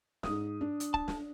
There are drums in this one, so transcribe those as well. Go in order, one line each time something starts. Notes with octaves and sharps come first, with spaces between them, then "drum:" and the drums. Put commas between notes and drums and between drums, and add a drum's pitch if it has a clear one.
G#2 D#6, drum: snare
D4
drum: hi-hat
A5, drum: kick
drum: snare